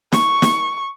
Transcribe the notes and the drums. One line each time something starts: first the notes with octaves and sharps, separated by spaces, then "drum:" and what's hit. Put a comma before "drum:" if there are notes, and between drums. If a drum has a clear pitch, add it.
C#6, drum: snare
drum: snare